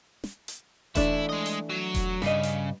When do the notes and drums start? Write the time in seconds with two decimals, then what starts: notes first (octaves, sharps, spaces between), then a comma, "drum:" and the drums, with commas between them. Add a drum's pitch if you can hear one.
0.24 drum: snare
0.48 drum: hi-hat
0.95 E3 A3 D4 E4, drum: kick E1, hi-hat
1.30 G#3 D#5
1.46 drum: hi-hat
1.70 F#3
1.95 drum: kick E1, hi-hat
2.22 G2 C#3 D#5, drum: snare
2.43 drum: hi-hat